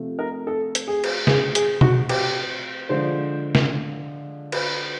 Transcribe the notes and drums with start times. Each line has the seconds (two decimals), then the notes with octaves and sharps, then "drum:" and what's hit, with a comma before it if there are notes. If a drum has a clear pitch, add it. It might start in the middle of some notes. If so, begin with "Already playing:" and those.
Already playing: C3 F3 A3
0.19 A#4
0.47 A4
0.75 drum: hi-hat
0.88 G#4
1.04 drum: cymbal
1.27 G#4, drum: snare
1.55 G#4, drum: hi-hat
1.81 F#4, drum: tom B2
2.09 G4, drum: cymbal
2.89 D3 F3 G#3 C5
3.55 drum: snare
4.52 B4, drum: cymbal